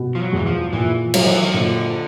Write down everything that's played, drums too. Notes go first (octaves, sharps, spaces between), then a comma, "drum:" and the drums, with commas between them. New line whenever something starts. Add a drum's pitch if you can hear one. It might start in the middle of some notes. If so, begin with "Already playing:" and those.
Already playing: B2
F3
F#3
E2 E3
F3
A#2 E3
F#3, drum: cymbal
F3
E3
D#3
A#2 D3